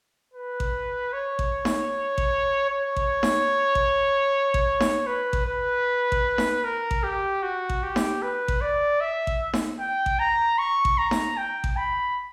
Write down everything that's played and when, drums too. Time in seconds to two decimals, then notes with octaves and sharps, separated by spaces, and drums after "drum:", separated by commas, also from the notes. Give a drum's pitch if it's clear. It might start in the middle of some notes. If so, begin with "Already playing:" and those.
0.34 B4
0.60 drum: kick A1
1.13 C#5
1.39 drum: kick A1
1.65 drum: snare D#4
2.18 drum: kick A1
2.70 C#5
2.96 drum: kick A1
3.23 drum: snare D#4
3.75 drum: kick A1
4.54 drum: kick A1
4.80 drum: snare D#4
5.07 B4
5.33 drum: kick A1
5.46 B4
6.12 drum: kick A1
6.38 drum: snare D#4
6.65 A#4
6.91 drum: kick A1
7.04 G4
7.43 F#4
7.70 drum: kick A1
7.83 G4
7.96 drum: snare D#4
8.22 B4
8.48 drum: kick A1
8.62 D5
9.01 E5
9.27 drum: kick A1
9.53 drum: snare D#4
9.80 G5
10.06 drum: kick A1
10.19 A#5
10.58 C#6
10.85 drum: kick A1
10.98 A#5
11.11 drum: snare D#4
11.37 G5
11.64 drum: kick A1
11.77 B5